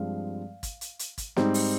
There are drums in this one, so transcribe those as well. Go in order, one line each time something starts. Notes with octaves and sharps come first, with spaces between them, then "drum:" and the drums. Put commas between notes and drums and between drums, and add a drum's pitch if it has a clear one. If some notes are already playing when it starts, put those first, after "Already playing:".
Already playing: G2 F3 G#3 C4 F5
drum: kick, hi-hat
drum: hi-hat
drum: hi-hat
drum: kick, hi-hat
G#2 G3 C4 D#4, drum: snare
drum: open hi-hat